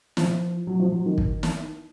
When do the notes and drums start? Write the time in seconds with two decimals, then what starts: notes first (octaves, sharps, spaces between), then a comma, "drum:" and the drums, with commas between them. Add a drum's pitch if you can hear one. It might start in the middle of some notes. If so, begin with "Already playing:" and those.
0.17 F3, drum: snare
0.67 F#3
0.80 F3
0.92 F#3
1.06 D#3
1.18 D#3, drum: kick
1.43 drum: snare